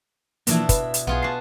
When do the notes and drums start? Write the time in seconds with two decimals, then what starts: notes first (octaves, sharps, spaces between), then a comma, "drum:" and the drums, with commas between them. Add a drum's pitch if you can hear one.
0.47 B2 E3 F3 A#3 D4 E4, drum: hi-hat
0.69 B4, drum: kick, hi-hat
0.94 drum: hi-hat
1.07 B1 B3 F4 G#4
1.22 F#4 A5 C7